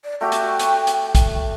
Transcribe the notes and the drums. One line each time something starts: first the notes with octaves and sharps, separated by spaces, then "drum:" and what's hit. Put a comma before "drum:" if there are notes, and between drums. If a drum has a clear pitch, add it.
D5
A3 F#4 G4 G5
drum: hi-hat
drum: hi-hat
drum: hi-hat
drum: kick, hi-hat